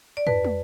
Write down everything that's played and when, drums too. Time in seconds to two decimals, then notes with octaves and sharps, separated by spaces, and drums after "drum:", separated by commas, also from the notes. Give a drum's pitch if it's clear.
0.17 D5
0.27 F2 B4, drum: tom
0.44 drum: tom